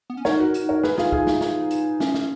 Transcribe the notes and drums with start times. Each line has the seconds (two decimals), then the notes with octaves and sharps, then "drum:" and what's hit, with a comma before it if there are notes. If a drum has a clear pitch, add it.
0.10 B3
0.17 C#4
0.25 D#4 A#4 C#5, drum: snare
0.40 F#4 A#4
0.54 drum: hi-hat
0.69 A#4 C#5
0.83 G#4 B4, drum: snare
0.98 F4 G#4, drum: snare
1.12 F4 G#4, drum: kick C2
1.27 drum: snare
1.41 D#4, drum: snare
1.71 drum: hi-hat
2.00 C#4, drum: snare
2.14 drum: snare